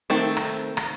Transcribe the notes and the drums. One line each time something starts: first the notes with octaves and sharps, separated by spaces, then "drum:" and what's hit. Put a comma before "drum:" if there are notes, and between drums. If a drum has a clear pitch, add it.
D#3 A3 C4
drum: rim click
drum: rim click